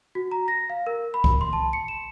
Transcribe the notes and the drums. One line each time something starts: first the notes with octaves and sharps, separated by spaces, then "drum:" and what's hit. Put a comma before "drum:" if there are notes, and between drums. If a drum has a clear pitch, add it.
F#4
A#5
A#6
F5
A#4
B5
drum: kick C2
C6
A5
C#7
E7